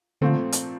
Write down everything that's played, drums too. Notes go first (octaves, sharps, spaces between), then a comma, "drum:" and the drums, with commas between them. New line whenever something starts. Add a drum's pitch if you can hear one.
A#2 D3 F3 A3 C4
drum: hi-hat